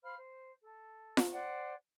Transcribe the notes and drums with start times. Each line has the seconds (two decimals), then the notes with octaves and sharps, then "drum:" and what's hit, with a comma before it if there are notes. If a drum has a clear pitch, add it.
0.03 C5 F5 B5 F6
0.16 C5
0.62 A4
1.17 drum: snare F4
1.31 C5 D5 F#5 G5